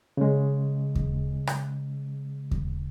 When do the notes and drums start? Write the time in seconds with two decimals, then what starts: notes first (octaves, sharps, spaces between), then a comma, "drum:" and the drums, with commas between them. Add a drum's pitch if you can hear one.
0.17 C#3 G#3
0.95 drum: kick D#2
1.47 drum: rim click
2.51 drum: kick D#2